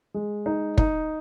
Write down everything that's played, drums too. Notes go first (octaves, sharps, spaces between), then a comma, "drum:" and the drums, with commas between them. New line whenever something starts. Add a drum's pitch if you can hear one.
G#3
D#4
D#4, drum: kick